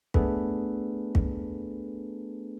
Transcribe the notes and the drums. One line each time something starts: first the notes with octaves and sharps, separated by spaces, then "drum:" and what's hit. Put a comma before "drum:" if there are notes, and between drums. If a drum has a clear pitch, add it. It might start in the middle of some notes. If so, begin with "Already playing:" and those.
A3 B3 D4 G#4 A4 B4, drum: kick
drum: kick